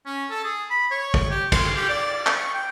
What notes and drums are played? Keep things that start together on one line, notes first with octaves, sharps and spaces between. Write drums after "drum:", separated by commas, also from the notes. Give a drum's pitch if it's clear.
C#4
A4
G#4
B5
C#5
drum: kick
G4
C6, drum: kick, cymbal
G4
D5
D5
drum: clap
C#6
G5